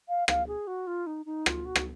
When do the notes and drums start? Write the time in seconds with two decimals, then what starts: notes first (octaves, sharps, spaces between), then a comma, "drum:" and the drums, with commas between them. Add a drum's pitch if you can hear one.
0.08 F5
0.28 F5, drum: rim click
0.47 G#4
0.67 F#4
0.87 F4
1.07 D#4
1.26 D#4
1.46 F4, drum: rim click
1.65 F#4
1.76 drum: rim click